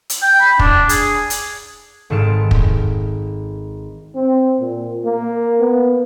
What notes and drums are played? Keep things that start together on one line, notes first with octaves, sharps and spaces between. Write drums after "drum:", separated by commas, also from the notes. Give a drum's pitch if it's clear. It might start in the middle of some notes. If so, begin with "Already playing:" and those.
drum: hi-hat
G5
B5
D4, drum: kick
G#4, drum: hi-hat
drum: hi-hat
G#1 G#2 A4 F5 A5 D7
drum: kick
C4
A#2
A#3
B3